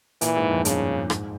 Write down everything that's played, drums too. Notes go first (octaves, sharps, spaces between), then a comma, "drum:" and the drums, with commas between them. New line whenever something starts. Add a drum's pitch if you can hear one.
A#2 E3, drum: hi-hat
G#2
F2
G2 C#3, drum: hi-hat
G#2, drum: rim click